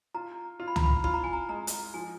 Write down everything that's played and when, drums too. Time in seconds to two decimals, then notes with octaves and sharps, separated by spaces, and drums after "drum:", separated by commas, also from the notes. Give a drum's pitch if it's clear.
0.14 F4 A#5
0.60 F4
0.68 B5
0.76 A#5, drum: tom
0.83 B5
1.04 F4 B5, drum: kick G1
1.13 A#5
1.24 G#5
1.33 A#5
1.49 G#3 A#5
1.67 drum: hi-hat
1.94 F3 G#5